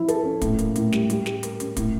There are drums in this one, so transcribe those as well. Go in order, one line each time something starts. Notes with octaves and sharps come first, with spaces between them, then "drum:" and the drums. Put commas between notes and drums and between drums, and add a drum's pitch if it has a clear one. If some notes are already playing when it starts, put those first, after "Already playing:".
Already playing: F3 E4
A4, drum: hi-hat
C#4
A2, drum: kick, hi-hat
A#3, drum: hi-hat
A2, drum: hi-hat
G3, drum: snare
G3, drum: hi-hat
G4, drum: snare
A#4, drum: hi-hat
C#4, drum: hi-hat
A2, drum: kick, hi-hat